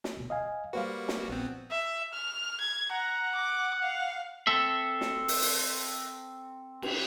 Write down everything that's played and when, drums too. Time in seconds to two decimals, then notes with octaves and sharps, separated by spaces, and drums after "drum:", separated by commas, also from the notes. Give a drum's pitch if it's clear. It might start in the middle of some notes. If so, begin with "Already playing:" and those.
0.04 drum: snare
0.17 D2 B2
0.30 D#5 F5 G#5
0.73 G3 A#3 F#4 B4 C5 F5
1.08 drum: snare
1.28 A#1 B3 C4
1.71 E5
2.13 F6
2.61 G#6
2.91 F#5 A#5
3.35 D6
3.82 F5
4.47 C4 A4 E5
5.01 drum: snare
5.28 drum: open hi-hat
5.42 drum: open hi-hat
6.82 drum: cymbal